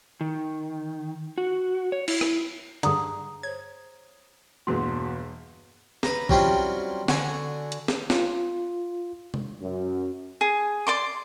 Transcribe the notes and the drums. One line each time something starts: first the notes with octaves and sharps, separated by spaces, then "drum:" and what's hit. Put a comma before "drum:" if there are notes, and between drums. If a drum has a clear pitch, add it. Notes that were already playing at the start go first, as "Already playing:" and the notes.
D#3
F#4
C#5
E4, drum: cymbal
drum: rim click
G2 D3 G#4 A#5 D#6, drum: hi-hat
C5 C#5 G#6
G1 E2 B2 A#3 F#4 G#4 C6
B4 A#5, drum: snare
F#3 G3 C4 C#4 E4 F4, drum: kick
D3 F#4 F#5 G#5, drum: snare
drum: hi-hat
drum: snare
F4, drum: snare
drum: tom
F#2
G#4
D5 C6 D6